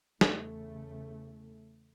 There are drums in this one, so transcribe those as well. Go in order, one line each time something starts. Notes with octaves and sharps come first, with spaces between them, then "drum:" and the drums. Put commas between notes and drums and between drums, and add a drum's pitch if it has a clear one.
E2 C#3 A3, drum: snare